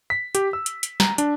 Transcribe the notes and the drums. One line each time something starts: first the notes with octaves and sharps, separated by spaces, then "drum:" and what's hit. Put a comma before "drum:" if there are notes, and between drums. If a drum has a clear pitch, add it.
B6
G4, drum: hi-hat
E6
drum: hi-hat
drum: hi-hat
A#5, drum: snare
D4, drum: hi-hat